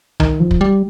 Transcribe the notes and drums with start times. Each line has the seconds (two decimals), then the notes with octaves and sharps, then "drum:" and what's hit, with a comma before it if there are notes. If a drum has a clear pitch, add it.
0.20 D#3, drum: tom C2
0.40 F3
0.51 drum: kick
0.61 G3